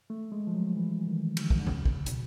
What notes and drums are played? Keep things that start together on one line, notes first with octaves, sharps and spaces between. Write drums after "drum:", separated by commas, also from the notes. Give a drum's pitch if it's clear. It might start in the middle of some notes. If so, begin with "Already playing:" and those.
A3
G#3
F3
F#3
E3
D#3
D3, drum: cymbal
drum: kick
D3
C#3, drum: tom E2
drum: kick
B2, drum: hi-hat